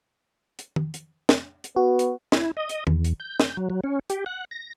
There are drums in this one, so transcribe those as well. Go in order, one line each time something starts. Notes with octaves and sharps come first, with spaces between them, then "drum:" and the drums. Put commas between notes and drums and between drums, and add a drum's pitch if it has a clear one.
drum: hi-hat
drum: tom
drum: hi-hat
drum: snare
drum: hi-hat
B3 F#4
drum: hi-hat
E4, drum: snare
D#5
drum: hi-hat
E2, drum: tom
drum: hi-hat
G6
drum: snare
F#3
F#3
C#4
G4, drum: hi-hat
F#5
A#6